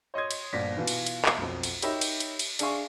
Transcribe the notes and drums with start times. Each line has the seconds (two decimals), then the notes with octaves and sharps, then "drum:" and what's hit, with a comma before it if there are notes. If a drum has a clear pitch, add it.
0.14 C#5 D#5 C6 D#6 G#6
0.31 drum: cymbal
0.53 G1 A#2 F3 D5 A#6 B6
0.77 B2 E3 F4 F#4
0.87 drum: cymbal
1.06 drum: cymbal
1.25 drum: clap
1.38 B1 F2
1.63 drum: cymbal
1.82 D#4 G4 A#4 C#5 E5 B5, drum: cymbal
2.01 drum: cymbal
2.20 drum: cymbal
2.39 drum: cymbal
2.59 D4 G#4 E5 F5 G#5 C#6, drum: cymbal